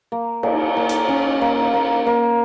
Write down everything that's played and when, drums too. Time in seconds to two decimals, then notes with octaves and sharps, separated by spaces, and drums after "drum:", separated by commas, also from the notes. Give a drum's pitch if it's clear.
0.12 A#3
0.43 A#3, drum: cymbal
0.77 A#3
0.89 drum: hi-hat
1.09 C#4
1.41 A#3
1.74 A#3
2.06 A#3